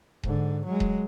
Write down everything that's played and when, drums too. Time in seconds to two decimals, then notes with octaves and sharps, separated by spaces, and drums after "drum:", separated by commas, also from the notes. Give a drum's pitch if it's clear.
0.23 G#2 D3, drum: kick D#1
0.66 F#3 G#3
0.80 drum: kick D#1